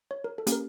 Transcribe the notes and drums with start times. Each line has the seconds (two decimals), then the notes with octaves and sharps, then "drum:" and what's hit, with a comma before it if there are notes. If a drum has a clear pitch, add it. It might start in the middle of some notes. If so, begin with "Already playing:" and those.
0.11 C#5
0.24 A#4
0.38 A4
0.47 A#3 C#4 G4, drum: hi-hat
0.52 A#4